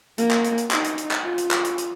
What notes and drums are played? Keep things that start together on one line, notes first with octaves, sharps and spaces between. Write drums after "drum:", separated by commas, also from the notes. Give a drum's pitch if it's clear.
A#3, drum: hi-hat
drum: clap
drum: hi-hat
drum: hi-hat
D#4, drum: clap
drum: hi-hat
drum: hi-hat
drum: clap
F4
drum: hi-hat
drum: clap
drum: hi-hat
drum: hi-hat